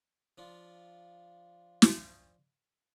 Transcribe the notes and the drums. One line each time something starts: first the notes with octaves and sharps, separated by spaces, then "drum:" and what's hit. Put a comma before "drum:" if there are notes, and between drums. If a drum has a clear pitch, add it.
F3 D4 F4
drum: snare